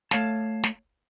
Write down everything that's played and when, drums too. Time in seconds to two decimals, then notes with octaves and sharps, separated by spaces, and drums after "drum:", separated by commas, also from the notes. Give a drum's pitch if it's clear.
0.11 A3 C#5 F5 A5, drum: snare
0.64 drum: snare